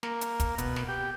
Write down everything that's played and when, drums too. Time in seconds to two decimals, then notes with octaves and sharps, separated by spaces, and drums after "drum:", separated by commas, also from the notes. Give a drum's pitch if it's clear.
0.03 A#3, drum: snare
0.21 drum: hi-hat
0.40 drum: kick, hi-hat
0.58 B2, drum: hi-hat
0.76 drum: snare
0.88 G4